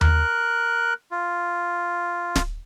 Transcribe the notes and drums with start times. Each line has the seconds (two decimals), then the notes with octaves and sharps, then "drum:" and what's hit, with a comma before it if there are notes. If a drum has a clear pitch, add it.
0.01 A#4 F#6, drum: tom D#2
1.11 F4
2.36 drum: snare